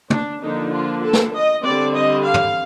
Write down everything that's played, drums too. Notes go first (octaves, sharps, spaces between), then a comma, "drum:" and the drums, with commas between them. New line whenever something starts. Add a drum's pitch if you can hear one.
D4, drum: tom
D3 F3 A#3 D4 D#4
F4
A4
drum: snare
D#5
D3 G3 C4 D5
D#5
F5
drum: tom